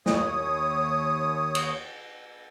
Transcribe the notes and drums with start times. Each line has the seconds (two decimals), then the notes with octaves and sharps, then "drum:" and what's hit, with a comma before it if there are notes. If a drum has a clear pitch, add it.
0.06 D#2 C#5 D#6, drum: snare
1.55 drum: cymbal